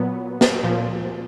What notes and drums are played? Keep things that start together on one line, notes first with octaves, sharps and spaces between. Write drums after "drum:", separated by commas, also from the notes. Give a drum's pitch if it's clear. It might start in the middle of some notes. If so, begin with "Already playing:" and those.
Already playing: A#2 F#3 B3
drum: snare
A#2 F3